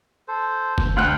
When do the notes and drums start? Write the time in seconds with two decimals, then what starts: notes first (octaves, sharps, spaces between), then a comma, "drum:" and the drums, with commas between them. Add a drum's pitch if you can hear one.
0.28 A4 C5
0.78 drum: kick
0.96 D2 G5 B5 C6 F6 F#6